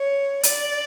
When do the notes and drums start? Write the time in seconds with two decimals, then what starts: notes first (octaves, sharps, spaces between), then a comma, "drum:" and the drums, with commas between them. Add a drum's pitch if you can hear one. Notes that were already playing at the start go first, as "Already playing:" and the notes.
Already playing: C#5
0.43 D5, drum: hi-hat